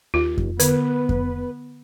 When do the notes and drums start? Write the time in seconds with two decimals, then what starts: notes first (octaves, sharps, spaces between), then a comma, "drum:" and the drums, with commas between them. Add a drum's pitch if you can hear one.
0.14 D#2 F4
0.38 drum: kick F2
0.60 D3 B3 B4, drum: hi-hat
1.09 drum: kick F2